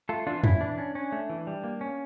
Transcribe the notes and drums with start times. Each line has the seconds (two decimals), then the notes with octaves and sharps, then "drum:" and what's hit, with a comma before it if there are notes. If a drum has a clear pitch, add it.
0.09 A3 F4 A4
0.27 E3 D4 F4
0.44 C#4 E4, drum: tom E2
0.61 E3 D4
0.78 C#4
0.95 C#4
1.12 A3
1.29 E3
1.47 G3
1.64 A#3
1.81 C#4